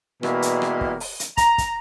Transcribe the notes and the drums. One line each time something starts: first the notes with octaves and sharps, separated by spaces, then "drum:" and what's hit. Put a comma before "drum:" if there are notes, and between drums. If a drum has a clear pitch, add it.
B2 E3 G3 G#3 A#3, drum: rim click
drum: hi-hat
drum: rim click
drum: kick
drum: open hi-hat
drum: hi-hat
A#5, drum: kick, hi-hat
drum: kick, hi-hat